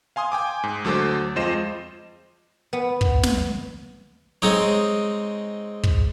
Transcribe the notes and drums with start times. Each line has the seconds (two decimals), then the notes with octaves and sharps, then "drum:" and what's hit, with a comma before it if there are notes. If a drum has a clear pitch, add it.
0.16 F5 G#5 C6 D#6
0.32 G5 G#5 D6
0.63 G#2
0.85 D2 F#3 A4 C5 D6
1.36 F2 G#3 F4 C5 D#5 E7
2.73 B3
3.01 drum: kick
3.23 drum: snare
4.42 G#3 C4 D#4 C#5
5.83 drum: kick